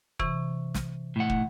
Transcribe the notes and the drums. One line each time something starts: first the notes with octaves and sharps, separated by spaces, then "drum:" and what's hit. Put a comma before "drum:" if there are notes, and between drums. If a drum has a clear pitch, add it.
C3 E3 C#6, drum: kick
drum: snare
A2 F#5
drum: kick